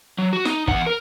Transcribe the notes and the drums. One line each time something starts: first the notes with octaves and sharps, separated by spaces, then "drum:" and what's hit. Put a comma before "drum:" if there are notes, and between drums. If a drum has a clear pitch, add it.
F#3
F#4
D#4, drum: snare
E2 F#5, drum: kick
A#4